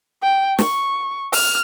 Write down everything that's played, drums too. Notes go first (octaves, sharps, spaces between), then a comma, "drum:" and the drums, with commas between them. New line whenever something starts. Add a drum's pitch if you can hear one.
G5
C#6, drum: snare
F6, drum: open hi-hat